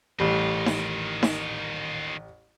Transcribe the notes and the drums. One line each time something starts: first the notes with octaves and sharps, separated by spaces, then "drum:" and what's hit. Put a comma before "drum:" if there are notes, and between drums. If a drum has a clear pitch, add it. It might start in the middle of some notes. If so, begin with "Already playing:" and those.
A1 D#3 G3 F4
drum: snare D#4
drum: snare D#4